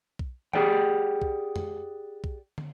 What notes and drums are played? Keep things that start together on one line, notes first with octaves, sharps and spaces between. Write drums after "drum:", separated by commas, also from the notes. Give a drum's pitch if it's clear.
drum: kick B1
G4 G#4 D5 F#5 G5, drum: tom E3
drum: kick B1
drum: tom
drum: kick B1
drum: tom